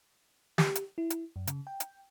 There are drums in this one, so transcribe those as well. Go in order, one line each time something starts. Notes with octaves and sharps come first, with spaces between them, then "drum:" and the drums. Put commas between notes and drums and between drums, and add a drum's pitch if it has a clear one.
G4, drum: snare
drum: hi-hat
E4
drum: hi-hat
F#2
C#3, drum: hi-hat
G5
drum: hi-hat